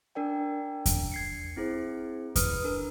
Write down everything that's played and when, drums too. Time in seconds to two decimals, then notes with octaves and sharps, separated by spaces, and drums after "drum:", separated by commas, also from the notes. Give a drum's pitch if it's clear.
0.15 D4 A#4 D5 G5
0.86 drum: kick E2, hi-hat
1.12 G#6 C7 C#7
1.56 C4 E4 G#4 C5
2.36 B4 D#6 F6, drum: kick E2, hi-hat
2.64 D4 A#4